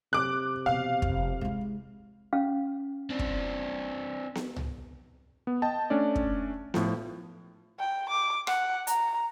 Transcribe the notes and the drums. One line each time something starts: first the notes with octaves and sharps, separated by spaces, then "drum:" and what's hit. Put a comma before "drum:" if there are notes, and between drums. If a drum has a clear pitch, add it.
C3 D6 F#6
B2 E3 F5
F1, drum: kick
G#3 E4
C#4 F5
C4 D4
drum: kick
drum: snare B3
drum: tom C2
B3
D#5 G5 A5
A3 C#4 D4 D5
drum: kick
A2 F3, drum: snare B3
G5
D6
F#5, drum: rim click
A#5, drum: hi-hat